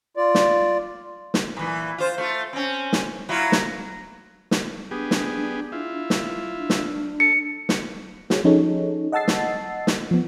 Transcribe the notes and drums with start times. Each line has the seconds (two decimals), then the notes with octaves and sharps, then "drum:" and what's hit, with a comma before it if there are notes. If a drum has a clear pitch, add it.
0.17 F4 D5
0.35 drum: snare
1.34 drum: snare
1.57 A#2 E3
1.98 F4 C5
2.18 A3 F4
2.53 C4 C#4
2.93 drum: snare
3.29 F#3 E4 F4
3.52 drum: snare
4.51 drum: snare
4.91 B3 D4 G4 G#4
5.11 drum: snare
5.72 E4 F4
6.10 drum: snare
6.57 D4
6.70 drum: snare
7.20 A4 C#7
7.69 drum: snare
8.30 F#4 G#4 C#5, drum: snare
8.44 F3 C#4 D#4 G#4 A4 C#5
9.12 D#5 F#5 A5 E6 A6 C7
9.28 drum: snare
9.87 drum: snare
10.11 F3 B3